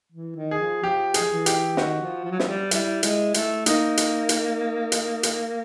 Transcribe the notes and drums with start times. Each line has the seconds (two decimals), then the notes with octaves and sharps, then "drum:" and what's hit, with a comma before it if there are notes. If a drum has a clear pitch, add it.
0.12 E3
0.36 D#3
0.51 G#4
0.59 F3
0.83 F3 G4
1.14 G#4, drum: hi-hat
1.20 F3
1.30 E3
1.46 G4, drum: hi-hat
1.77 D#3 F#4, drum: snare
2.01 F3
2.24 F3
2.31 F#3
2.39 F3, drum: snare
2.48 G3
2.71 G3 E4, drum: hi-hat
3.03 G#3, drum: hi-hat
3.34 A3, drum: hi-hat
3.66 A#3 D#4, drum: hi-hat
3.97 drum: hi-hat
4.29 drum: hi-hat
4.92 drum: hi-hat
5.23 drum: hi-hat